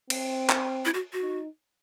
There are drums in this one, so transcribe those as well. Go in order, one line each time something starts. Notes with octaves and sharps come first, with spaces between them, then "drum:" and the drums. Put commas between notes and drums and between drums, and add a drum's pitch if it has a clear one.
C4, drum: cymbal
drum: clap
E4
F#4
F#4
D#4